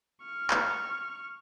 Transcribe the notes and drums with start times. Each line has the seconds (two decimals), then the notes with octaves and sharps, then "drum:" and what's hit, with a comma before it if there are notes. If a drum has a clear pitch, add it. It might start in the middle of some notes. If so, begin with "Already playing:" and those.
0.23 C#6 F6
0.51 drum: clap